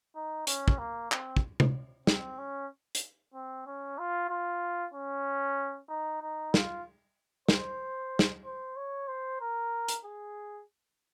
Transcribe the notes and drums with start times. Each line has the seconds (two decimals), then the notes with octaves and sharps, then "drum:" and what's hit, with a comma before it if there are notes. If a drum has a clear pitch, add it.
0.16 D#4
0.47 C#4, drum: hi-hat
0.68 drum: kick
0.79 A#3
1.12 C4, drum: clap
1.37 drum: kick
1.60 drum: tom
2.07 C4, drum: snare
2.38 C#4
2.95 drum: hi-hat
3.34 C4
3.66 C#4
3.99 F4
4.29 F4
4.94 C#4
5.89 D#4
6.22 D#4
6.54 F4, drum: snare
7.49 C5, drum: snare
8.19 drum: snare
8.45 C5
8.77 C#5
9.08 C5
9.41 A#4
9.88 drum: hi-hat
10.05 G#4